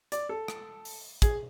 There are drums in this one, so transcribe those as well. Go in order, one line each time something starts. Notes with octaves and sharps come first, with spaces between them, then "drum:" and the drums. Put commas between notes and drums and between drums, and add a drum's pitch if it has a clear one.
D5, drum: hi-hat
A4
drum: rim click
drum: open hi-hat
G#4, drum: kick, hi-hat